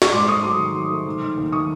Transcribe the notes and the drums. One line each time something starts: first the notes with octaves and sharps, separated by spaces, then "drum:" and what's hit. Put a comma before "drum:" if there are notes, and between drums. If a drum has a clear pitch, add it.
C#6, drum: snare
G#2 C6 D6
A3 C#6 D#6
F#3 C6 D6
D#3
F#3
A3
D#3
D#3
D#2
D#3 C#6 D#6